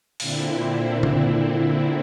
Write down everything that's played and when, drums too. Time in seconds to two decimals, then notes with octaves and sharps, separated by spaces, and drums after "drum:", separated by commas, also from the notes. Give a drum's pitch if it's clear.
0.20 A#2 D3 C4 E4, drum: open hi-hat
1.03 drum: tom